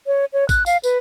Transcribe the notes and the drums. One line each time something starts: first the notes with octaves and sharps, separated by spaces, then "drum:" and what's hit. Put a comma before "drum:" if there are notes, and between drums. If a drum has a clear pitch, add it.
C#5
C#5
F#6, drum: kick, tambourine
F5, drum: tambourine
B4, drum: tambourine